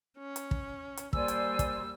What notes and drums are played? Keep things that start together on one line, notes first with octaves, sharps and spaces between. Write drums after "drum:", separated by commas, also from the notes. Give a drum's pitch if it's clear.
C#4
drum: hi-hat
drum: kick
drum: hi-hat
G3 A#3 C5 D5 G#5 E6, drum: kick
drum: hi-hat
drum: kick, hi-hat